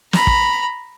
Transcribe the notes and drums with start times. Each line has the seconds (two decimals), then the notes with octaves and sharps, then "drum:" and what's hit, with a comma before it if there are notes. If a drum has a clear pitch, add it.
0.13 A#5 B5, drum: snare
0.27 drum: kick